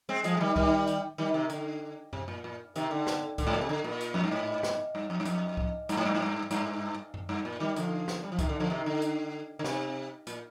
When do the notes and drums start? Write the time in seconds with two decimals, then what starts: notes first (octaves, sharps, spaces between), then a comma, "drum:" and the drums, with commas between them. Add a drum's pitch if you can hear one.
0.09 G#3 C4
0.24 F3 G#3, drum: hi-hat
0.37 G#3
0.41 D#3 G3
0.56 D#3 G3, drum: kick C2
0.87 drum: hi-hat
1.18 D#3 G3
1.34 C3 D#3
1.50 D3, drum: hi-hat
2.13 C3, drum: tom F#2
2.28 A#2
2.44 A#2
2.76 C3 D#3, drum: hi-hat
2.91 D3
3.07 drum: snare
3.38 D3, drum: kick C2, hi-hat
3.47 G#2
3.54 A#2
3.61 C3
3.69 D3
3.84 A#2
4.01 drum: hi-hat
4.14 F2
4.24 G2
4.31 G#2
4.63 drum: snare
4.95 G2
5.10 F2
5.20 G2
5.25 F2, drum: hi-hat
5.57 drum: kick C2
5.89 G2, drum: hi-hat
5.97 G#2
6.05 G2
6.15 G#2
6.22 G2
6.51 G2, drum: hi-hat
7.14 drum: tom F#2
7.29 G2
7.45 A#2
7.60 D#3 G3
7.76 D3 F3, drum: hi-hat
8.08 drum: snare
8.24 G3
8.32 F3
8.39 C3 D#3, drum: kick C2, hi-hat
8.49 D3
8.60 D3 F3
8.70 C3 D#3
8.86 D3
9.02 drum: hi-hat
9.59 D3
9.64 C3, drum: snare
10.27 A#2, drum: hi-hat